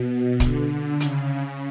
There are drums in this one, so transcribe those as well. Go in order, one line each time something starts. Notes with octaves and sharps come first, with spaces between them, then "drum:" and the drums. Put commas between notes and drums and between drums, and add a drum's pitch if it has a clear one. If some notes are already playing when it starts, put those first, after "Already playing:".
Already playing: B2
D3, drum: kick, hi-hat
C#3, drum: hi-hat